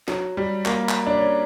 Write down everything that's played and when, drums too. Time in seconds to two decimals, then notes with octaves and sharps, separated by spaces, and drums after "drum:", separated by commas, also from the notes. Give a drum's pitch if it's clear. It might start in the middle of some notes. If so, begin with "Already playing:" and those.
0.08 F#3, drum: snare
0.37 G3
0.66 A#3, drum: clap
0.89 drum: clap
1.07 D4
1.17 C#4